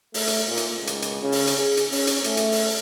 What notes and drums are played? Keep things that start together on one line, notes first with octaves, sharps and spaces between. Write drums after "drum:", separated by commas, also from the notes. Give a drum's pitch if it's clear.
A3, drum: open hi-hat
drum: hi-hat
A#2
drum: hi-hat
C#2
drum: hi-hat
drum: hi-hat
C#3
drum: open hi-hat
drum: hi-hat
G#4
drum: hi-hat
C#4, drum: open hi-hat
drum: hi-hat
A3, drum: hi-hat
drum: hi-hat
drum: open hi-hat